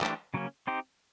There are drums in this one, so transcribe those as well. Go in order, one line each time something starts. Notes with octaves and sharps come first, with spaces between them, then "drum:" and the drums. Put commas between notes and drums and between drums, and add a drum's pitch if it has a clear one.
E3 A3 D4 G4 C5, drum: clap
C#3 F#3 A#3 C#4
C4 D#4 G4 C5